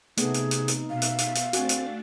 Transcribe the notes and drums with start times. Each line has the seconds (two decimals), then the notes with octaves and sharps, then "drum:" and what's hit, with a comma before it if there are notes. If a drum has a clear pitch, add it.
0.17 C3 A3 B3 D#4 G#4, drum: hi-hat
0.34 drum: hi-hat
0.51 drum: hi-hat
0.68 drum: hi-hat
0.90 B2 E5 F5
1.02 drum: hi-hat
1.18 drum: hi-hat
1.35 drum: hi-hat
1.53 A3 C4 D4 F#4 G#5 A6, drum: hi-hat
1.69 drum: hi-hat